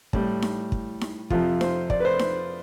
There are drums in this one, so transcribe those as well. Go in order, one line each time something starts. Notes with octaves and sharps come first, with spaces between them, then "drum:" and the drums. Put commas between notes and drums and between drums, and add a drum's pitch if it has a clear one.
A2 G3, drum: kick
drum: snare D#4
drum: kick
drum: snare D#4
F2 C3 F3 F4, drum: kick
C5, drum: snare D#4
D5, drum: kick
B4
C5
drum: snare D#4